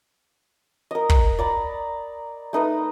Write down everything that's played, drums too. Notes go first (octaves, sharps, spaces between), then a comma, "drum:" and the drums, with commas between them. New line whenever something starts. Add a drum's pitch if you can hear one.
A#4 D#5
drum: kick
D5 A#5 B5
A3 D#4 B4 D#6